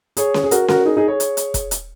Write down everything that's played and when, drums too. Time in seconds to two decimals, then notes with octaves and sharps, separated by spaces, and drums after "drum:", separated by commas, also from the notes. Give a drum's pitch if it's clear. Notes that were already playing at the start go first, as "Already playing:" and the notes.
0.17 G#4 C#5, drum: hi-hat
0.34 drum: snare C#4
0.43 G#4
0.51 F#4 A#4, drum: hi-hat
0.68 F#4 A#4, drum: snare C#4
0.85 D#4 G#4
0.97 D#4 G#4
1.08 G#4 C#5
1.20 drum: hi-hat
1.37 drum: hi-hat
1.54 drum: kick, hi-hat
1.71 drum: hi-hat